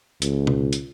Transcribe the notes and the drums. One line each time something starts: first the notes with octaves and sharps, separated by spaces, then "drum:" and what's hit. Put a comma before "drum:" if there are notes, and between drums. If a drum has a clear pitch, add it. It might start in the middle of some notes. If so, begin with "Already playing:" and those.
C#2, drum: hi-hat
drum: tom B2
drum: hi-hat